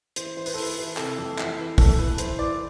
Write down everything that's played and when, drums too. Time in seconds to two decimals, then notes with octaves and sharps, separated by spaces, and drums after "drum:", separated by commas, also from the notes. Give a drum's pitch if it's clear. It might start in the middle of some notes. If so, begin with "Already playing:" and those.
0.16 E3 C5, drum: hi-hat
0.37 E3 C5
0.46 B4, drum: open hi-hat
0.54 A4
0.58 E3 B4, drum: open hi-hat
0.78 E3
0.97 C3 A4, drum: clap
1.19 F2
1.39 E3, drum: clap
1.59 E3
1.78 E3 A4, drum: kick, open hi-hat
1.99 E3 B4
2.18 E3 C5, drum: hi-hat
2.39 E3 D5